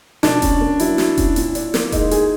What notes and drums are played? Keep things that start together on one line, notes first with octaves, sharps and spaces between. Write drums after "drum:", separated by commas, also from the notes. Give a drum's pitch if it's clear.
B2 D4, drum: snare
C#4, drum: kick E1, hi-hat
A#3
F#3 E4, drum: hi-hat
F#3, drum: snare
C#4, drum: kick E1, hi-hat
A#2, drum: hi-hat
D4, drum: hi-hat
A#3, drum: snare
G#3 D#4, drum: kick E1, hi-hat
G#4, drum: hi-hat